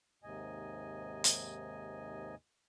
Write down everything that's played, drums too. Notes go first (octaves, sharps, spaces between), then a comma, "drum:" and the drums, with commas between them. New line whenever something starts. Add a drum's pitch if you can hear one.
D#2 G#2 C3 D#5 G#5
drum: hi-hat